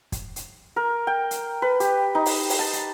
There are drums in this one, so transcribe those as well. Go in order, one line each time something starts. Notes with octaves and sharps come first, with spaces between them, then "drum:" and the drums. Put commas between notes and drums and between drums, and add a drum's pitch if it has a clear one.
drum: kick, hi-hat
drum: hi-hat
A#4
G5
drum: hi-hat
B4
G4, drum: hi-hat
D#4
drum: open hi-hat
drum: open hi-hat
A5
drum: hi-hat